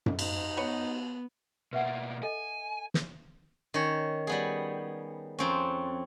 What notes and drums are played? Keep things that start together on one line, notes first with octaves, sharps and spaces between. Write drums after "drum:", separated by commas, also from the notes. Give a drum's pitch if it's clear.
drum: tom F#2
D#4, drum: cymbal
B3 F#4 B4 C#5
B2 A#3 B4 E5 F#5
A4 D#5 G#5
drum: snare
D#3 C#4 C#5
G3 B3 G#4
F2 C4 C#4